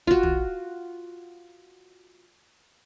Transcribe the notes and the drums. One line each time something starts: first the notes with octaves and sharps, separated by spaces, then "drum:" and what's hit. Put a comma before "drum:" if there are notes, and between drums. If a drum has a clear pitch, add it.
F4 F#4, drum: kick
drum: tom